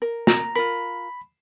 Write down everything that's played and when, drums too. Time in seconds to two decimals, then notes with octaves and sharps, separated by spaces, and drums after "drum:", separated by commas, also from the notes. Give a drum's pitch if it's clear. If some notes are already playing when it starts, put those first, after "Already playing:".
0.02 A#4
0.27 A#5, drum: snare
0.56 F4 A#4 B5